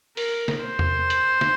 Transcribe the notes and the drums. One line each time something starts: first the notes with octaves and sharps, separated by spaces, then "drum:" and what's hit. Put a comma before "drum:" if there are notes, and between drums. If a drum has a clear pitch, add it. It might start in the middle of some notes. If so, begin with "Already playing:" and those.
A#4, drum: open hi-hat
drum: snare
C5
drum: tom E2
drum: hi-hat
drum: snare